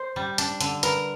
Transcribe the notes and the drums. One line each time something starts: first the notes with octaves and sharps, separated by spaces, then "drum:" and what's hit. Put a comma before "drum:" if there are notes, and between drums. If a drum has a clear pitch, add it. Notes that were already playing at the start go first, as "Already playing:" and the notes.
Already playing: C5
G3
D4, drum: hi-hat
D3, drum: hi-hat
A#4 B4, drum: hi-hat